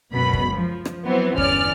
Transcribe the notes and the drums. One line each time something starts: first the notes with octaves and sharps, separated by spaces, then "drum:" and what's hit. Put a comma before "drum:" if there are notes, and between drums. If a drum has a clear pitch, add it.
C#2 F#2 B2 B5
drum: kick
F3
drum: rim click
E3 F#3 B3 C4
G1 E2 C#4 D5 F6, drum: kick